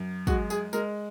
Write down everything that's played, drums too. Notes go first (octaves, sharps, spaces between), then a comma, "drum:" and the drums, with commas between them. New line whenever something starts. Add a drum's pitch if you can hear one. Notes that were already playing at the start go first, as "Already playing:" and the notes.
Already playing: F#2
G#3 F#4, drum: kick, tambourine
G#4, drum: tambourine
G#3 A#4, drum: tambourine